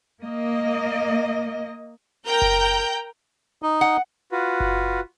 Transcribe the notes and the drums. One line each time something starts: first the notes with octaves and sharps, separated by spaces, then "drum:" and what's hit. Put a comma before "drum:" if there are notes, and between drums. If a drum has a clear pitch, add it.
A#3 D#5
A#4 G5 A#5 G6
drum: kick F#1
D#4
F#5
F4 F#4 B4
drum: kick F#1